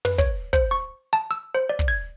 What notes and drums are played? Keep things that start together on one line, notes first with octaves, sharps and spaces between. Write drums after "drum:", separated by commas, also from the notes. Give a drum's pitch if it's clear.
B4, drum: tom
C#5, drum: kick
C5, drum: kick
C#6
A5
E6
C5
D5
drum: kick
G#6